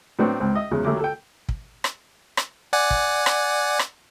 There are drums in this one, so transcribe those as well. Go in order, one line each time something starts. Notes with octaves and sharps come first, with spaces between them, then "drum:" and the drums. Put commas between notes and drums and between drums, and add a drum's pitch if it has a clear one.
A2 F#3 B3 C4 D4 F#4
C#2 G#2 C4
D#5 E5
E2 C#3 F#3 G#3
A1 F#3 A3 A#3 D6
A4 G5
drum: kick
drum: rim click
drum: rim click
D5 F#5 G#5
drum: kick
drum: rim click
drum: rim click